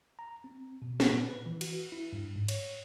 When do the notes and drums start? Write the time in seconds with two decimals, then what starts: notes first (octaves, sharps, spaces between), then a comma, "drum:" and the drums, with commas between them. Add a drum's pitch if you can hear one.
0.19 A#5
0.44 C4
0.82 B2
1.00 drum: snare
1.10 A#2
1.30 B4
1.46 E3
1.61 F#4, drum: cymbal
1.73 B4
1.92 E4
2.13 G2
2.36 G#2
2.48 C#5, drum: cymbal